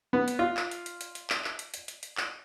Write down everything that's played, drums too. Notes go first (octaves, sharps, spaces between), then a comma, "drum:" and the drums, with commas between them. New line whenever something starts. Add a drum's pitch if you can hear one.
B3
drum: hi-hat
F4
drum: clap
drum: hi-hat
drum: hi-hat
drum: hi-hat
drum: hi-hat
drum: clap
drum: clap
drum: hi-hat
drum: hi-hat
drum: hi-hat
drum: hi-hat
drum: clap